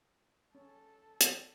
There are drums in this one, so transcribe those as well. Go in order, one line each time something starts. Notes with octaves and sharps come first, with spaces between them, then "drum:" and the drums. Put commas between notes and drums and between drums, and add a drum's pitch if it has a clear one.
C#4 A4 A5
drum: hi-hat